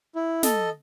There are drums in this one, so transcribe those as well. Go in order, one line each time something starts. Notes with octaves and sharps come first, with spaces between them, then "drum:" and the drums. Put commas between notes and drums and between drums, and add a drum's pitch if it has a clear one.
E4
A4 D#5, drum: snare